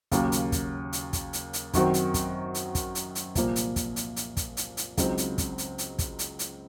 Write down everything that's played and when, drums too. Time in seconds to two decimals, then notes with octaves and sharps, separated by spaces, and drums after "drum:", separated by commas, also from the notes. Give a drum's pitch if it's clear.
0.12 D#2 C#3 F#3 A#3, drum: kick, hi-hat
0.32 drum: hi-hat
0.52 drum: kick, hi-hat
0.93 drum: hi-hat
1.13 drum: kick, hi-hat
1.33 drum: hi-hat
1.53 drum: hi-hat
1.73 F#2 D#3 F#3 C4 F#4, drum: kick, hi-hat
1.94 drum: hi-hat
2.14 drum: kick, hi-hat
2.55 drum: hi-hat
2.75 drum: kick, hi-hat
2.95 drum: hi-hat
3.15 drum: hi-hat
3.35 C2 A#2 F3 A#3, drum: kick, hi-hat
3.56 drum: hi-hat
3.76 drum: kick, hi-hat
3.96 drum: hi-hat
4.16 drum: hi-hat
4.37 drum: kick, hi-hat
4.57 drum: hi-hat
4.77 drum: hi-hat
4.97 C#2 C#3 F#3 C4 D#4, drum: kick, hi-hat
5.18 drum: hi-hat
5.38 drum: kick, hi-hat
5.58 drum: hi-hat
5.78 drum: hi-hat
5.99 drum: kick, hi-hat
6.19 drum: hi-hat
6.39 drum: hi-hat